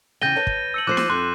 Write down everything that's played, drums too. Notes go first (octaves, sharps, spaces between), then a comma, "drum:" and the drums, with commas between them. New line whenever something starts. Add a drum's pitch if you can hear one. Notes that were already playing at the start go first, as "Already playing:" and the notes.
E2 C#3 G5 G6 A6 A#6 D#7 G7
B4 C#5 A5
drum: kick
E6 C#7 F#7
F3 C5 D6 F#6 C7
drum: snare
F2 C6 F#6